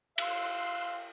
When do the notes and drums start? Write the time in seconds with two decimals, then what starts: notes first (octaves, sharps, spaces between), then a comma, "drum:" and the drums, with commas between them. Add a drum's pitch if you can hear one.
0.18 F5 C6 E6 F#6, drum: cymbal